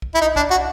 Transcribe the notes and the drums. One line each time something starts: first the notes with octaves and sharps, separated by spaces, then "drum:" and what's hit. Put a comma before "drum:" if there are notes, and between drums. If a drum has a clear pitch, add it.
drum: kick
E4
D#4
D4, drum: kick
F#4